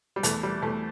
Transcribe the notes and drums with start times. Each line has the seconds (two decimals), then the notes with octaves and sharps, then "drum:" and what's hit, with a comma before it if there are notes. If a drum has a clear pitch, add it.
0.16 G3
0.23 E2 A3, drum: hi-hat
0.43 G3
0.62 E2 A3